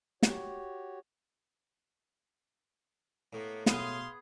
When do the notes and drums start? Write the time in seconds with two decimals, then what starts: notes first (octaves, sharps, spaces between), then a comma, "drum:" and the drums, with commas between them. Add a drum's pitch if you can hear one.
0.23 F#4 G4 C#5, drum: snare
3.33 A2 A#3 B3
3.66 B2 B3 G#4 F5 C6, drum: snare